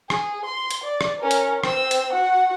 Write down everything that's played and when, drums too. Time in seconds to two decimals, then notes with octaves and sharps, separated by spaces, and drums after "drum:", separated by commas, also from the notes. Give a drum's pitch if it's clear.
0.10 G#4, drum: rim click
0.45 C6
0.70 drum: hi-hat
0.84 D5
1.01 drum: rim click
1.21 C#4 A#4
1.31 drum: hi-hat
1.64 C4 E6, drum: rim click
1.91 drum: hi-hat
2.13 F#4 F#5